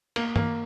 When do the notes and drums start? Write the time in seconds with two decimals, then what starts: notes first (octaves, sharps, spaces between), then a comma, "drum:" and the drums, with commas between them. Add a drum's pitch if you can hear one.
0.16 A#3, drum: cymbal
0.36 A#3, drum: tom G2